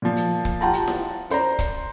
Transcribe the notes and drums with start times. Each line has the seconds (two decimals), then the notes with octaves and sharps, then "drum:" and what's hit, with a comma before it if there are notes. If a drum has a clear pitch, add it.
0.02 A#2 F3
0.16 drum: hi-hat
0.45 drum: kick
0.61 F4 G4 F#5 G5 A5 A#5
0.73 drum: hi-hat
0.88 drum: snare E4
1.30 C#4 C5 D5 A#5, drum: hi-hat
1.59 drum: kick, hi-hat